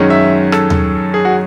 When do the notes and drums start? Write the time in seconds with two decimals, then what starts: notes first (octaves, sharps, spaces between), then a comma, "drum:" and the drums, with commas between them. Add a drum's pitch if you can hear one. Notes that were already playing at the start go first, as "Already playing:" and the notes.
Already playing: F#2 D#3 G#3 C#4
0.10 E5
0.52 A4, drum: rim click
0.70 drum: tom D#2
1.14 G#4
1.25 F#4